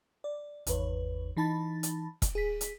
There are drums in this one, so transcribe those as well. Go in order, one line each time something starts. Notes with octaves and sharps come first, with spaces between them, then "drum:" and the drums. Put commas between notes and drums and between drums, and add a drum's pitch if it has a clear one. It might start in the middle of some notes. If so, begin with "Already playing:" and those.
D5
G#1 E2 B4 C#5, drum: hi-hat
E3 D#4 A5 B5 A6
drum: hi-hat
drum: kick E1, hi-hat
G#4 B6
drum: hi-hat